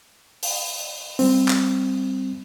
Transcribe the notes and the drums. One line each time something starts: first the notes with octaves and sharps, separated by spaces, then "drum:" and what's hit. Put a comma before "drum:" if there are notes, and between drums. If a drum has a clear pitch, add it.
drum: open hi-hat
G3 C4, drum: open hi-hat
drum: clap